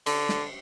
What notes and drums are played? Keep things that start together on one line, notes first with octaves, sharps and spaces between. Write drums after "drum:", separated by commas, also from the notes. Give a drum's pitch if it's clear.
D3, drum: cymbal
drum: snare